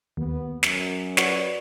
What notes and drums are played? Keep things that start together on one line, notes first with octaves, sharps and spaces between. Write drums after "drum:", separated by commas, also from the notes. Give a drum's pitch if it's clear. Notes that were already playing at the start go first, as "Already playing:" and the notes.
D#2 B3
F#2, drum: snare
F#4 B4 C#5 D5, drum: snare